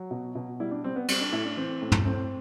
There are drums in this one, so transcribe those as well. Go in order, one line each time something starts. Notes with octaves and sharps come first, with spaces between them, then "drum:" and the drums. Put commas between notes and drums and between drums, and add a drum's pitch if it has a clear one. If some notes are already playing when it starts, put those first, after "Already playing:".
Already playing: F#3
B2
B2
G3 E4
D4
G3 C4
B3
G3 C4, drum: cymbal
D4
A2 E4
D4
E3 C4
A2
drum: tom
A2 C4